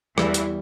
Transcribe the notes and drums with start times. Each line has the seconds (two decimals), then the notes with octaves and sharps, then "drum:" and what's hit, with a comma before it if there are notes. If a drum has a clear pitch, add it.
0.18 E2 E3 G3, drum: rim click
0.34 drum: hi-hat